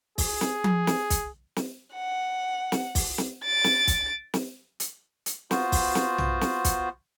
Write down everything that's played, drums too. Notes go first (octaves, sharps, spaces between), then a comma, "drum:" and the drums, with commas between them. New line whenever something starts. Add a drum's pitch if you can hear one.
G#4, drum: kick, open hi-hat
drum: snare
drum: tom F3
drum: snare
drum: kick, hi-hat
drum: snare
F#5
drum: snare
drum: kick, open hi-hat
drum: snare
A6 D7
drum: snare
drum: kick, hi-hat
drum: snare
drum: hi-hat
drum: hi-hat
B3 F4 F#4 C5, drum: snare
drum: kick, open hi-hat
drum: snare
drum: tom
drum: snare
drum: kick, hi-hat